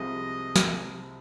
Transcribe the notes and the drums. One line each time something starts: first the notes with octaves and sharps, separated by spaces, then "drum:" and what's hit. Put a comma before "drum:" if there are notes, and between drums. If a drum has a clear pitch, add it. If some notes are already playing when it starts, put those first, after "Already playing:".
Already playing: C2 C3 F3 G#3 D#5
drum: snare